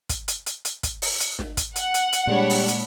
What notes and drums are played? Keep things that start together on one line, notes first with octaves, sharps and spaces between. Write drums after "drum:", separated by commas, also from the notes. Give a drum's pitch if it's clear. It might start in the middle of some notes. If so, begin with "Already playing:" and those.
drum: kick, hi-hat
drum: hi-hat
drum: hi-hat
drum: hi-hat
drum: kick, hi-hat
drum: open hi-hat
drum: hi-hat
drum: snare
drum: kick, hi-hat
F#5, drum: hi-hat
drum: hi-hat
drum: hi-hat
A#2 G3 G#3 D4 C#5 B5
drum: open hi-hat
drum: hi-hat